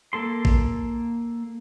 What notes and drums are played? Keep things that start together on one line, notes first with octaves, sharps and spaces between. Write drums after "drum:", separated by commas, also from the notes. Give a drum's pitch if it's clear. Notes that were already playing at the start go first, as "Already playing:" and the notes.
A#3 A4 C6
drum: kick A1